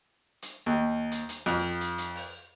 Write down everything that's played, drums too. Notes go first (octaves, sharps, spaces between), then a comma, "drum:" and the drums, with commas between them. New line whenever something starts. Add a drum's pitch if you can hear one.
drum: hi-hat
D#2
drum: hi-hat
drum: hi-hat
F2, drum: open hi-hat
drum: hi-hat
drum: hi-hat
drum: open hi-hat